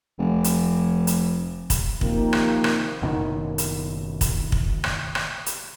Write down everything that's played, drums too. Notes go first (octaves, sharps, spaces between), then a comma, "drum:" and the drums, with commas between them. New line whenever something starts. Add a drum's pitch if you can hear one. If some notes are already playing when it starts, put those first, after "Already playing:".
F1
drum: hi-hat
drum: hi-hat
drum: kick, hi-hat
C3 D#3 F3 A#3, drum: kick
drum: rim click
drum: rim click
F#1 B2 D#3
drum: hi-hat
drum: kick, hi-hat
drum: kick
drum: rim click
drum: rim click
drum: hi-hat